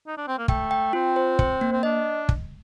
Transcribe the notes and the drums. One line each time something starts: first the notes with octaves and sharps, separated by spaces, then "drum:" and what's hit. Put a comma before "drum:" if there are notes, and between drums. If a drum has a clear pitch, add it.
D#4
D4
C4
A#3
A3 G5, drum: kick
G5
C4 F4
C5
C5, drum: kick
A#3
C4
D4 D#5
drum: kick